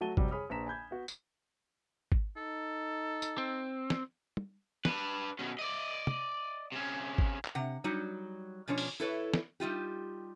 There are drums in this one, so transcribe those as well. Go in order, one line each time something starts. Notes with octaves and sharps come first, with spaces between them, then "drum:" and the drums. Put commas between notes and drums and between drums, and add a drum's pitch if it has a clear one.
F#3 A3 F#4 A5 D#7 G7
F2 C3 F#3 G3, drum: kick G#1
G#4 C#5 B5 D#6 F6
A#1 D4 B4 A#5 B6 E7
G#5 B5 G6 G#6
B3 F#4
drum: tambourine
drum: kick G#1
D#4 A4
drum: tambourine
C4
drum: snare
drum: tom
D4 B4, drum: snare
B2 C#4
D5 D#5
drum: tom
C3 C#4
drum: kick G#1
drum: clap
C3 F#5
F#3 G3 D#4 F#4
B2 F3 C#4 D4 F4 C#5
drum: open hi-hat
E4 A4 B4 C#5
drum: snare
G3 D#4 F4 G4